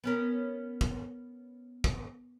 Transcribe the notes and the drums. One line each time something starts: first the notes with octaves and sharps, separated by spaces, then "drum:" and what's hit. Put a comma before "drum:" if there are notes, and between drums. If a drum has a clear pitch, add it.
B3 C#4 A#4
drum: kick
drum: kick